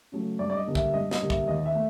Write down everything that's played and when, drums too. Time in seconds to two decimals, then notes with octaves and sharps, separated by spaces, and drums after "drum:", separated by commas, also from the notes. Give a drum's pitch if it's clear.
0.12 C#3 F#3 A3
0.39 G2 D5
0.50 D5
0.57 D#5
0.67 D3 G3 A#3
0.75 E5, drum: kick
0.94 G2 D#5
1.11 D#5, drum: snare
1.21 D3 G3 A#3
1.30 E5, drum: kick
1.47 D#2 D#5
1.66 E5
1.75 A3